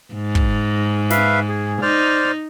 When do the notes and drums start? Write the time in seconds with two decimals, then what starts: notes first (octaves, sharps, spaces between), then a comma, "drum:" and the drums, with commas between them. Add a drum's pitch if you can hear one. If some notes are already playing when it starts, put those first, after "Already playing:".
0.14 G#2
0.35 drum: kick
1.10 B4 E5 F5, drum: snare
1.49 G#4
1.82 D#4 C5 D5 F6